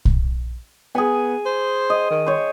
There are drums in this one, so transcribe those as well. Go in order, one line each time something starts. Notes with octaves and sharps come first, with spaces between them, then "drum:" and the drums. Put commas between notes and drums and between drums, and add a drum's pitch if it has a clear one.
drum: kick
B3 G#4 G#5
C5
D#5
D#3
C5 C#5